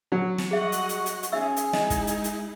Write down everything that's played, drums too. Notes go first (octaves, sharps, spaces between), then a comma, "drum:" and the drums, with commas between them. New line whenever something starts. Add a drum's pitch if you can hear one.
F#3
drum: snare
G3 F#4 G#4 D#5 E5 F#5
drum: hi-hat
drum: hi-hat
drum: hi-hat
drum: hi-hat
C#4 D#4 G#4 E5 E6
drum: hi-hat
G#3 D#4 E4 D#5, drum: snare
drum: kick, hi-hat
drum: hi-hat
drum: hi-hat